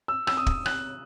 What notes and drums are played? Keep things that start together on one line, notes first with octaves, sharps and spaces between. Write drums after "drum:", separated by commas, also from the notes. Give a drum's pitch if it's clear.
E6
E6, drum: rim click
D#6
drum: kick
F#6, drum: rim click